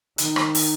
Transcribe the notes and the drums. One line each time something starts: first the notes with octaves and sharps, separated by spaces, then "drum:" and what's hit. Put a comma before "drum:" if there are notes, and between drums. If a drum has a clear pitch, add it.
D#3, drum: hi-hat
drum: rim click
drum: open hi-hat